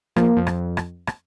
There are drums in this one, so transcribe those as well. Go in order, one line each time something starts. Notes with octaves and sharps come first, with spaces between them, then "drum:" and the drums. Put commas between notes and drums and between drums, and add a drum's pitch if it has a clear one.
F3 A#3, drum: rim click
F2
drum: rim click
drum: rim click
drum: rim click